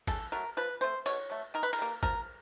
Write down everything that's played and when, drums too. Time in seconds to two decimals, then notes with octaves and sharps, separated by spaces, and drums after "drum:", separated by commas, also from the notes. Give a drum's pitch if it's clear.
0.07 C#3 A4, drum: kick, cymbal
0.32 F#3 A3 A#4
0.57 F3 B4
0.81 A3 C4 C5
1.06 B2 C#5, drum: cymbal
1.30 F#3 A3
1.54 D#3 A#4
1.63 B4
1.73 A#4, drum: cymbal
1.79 G3 A#3
2.03 F3 A#4, drum: kick